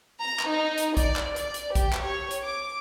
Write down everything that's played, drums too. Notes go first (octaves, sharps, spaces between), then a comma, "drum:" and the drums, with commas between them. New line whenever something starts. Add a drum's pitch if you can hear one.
A#5
drum: clap
D#4
drum: hi-hat
D5, drum: kick A#1, hi-hat
drum: clap
D5, drum: hi-hat
drum: hi-hat
G4, drum: kick A#1, hi-hat
drum: clap
C#5
drum: hi-hat
D6